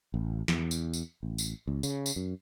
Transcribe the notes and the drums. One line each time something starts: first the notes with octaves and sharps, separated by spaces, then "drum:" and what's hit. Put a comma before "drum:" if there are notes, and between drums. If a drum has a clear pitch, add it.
A1
E2, drum: snare
drum: tambourine
drum: tambourine
A1
drum: tambourine
C#2
C#3, drum: tambourine
drum: tambourine
F#2